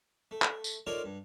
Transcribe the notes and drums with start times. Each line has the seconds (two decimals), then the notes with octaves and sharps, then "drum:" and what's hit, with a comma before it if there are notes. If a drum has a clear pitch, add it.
0.31 A3
0.42 drum: clap
0.64 drum: tambourine
0.87 D#4 F4 A4 A#4 C#5 D5
1.04 G2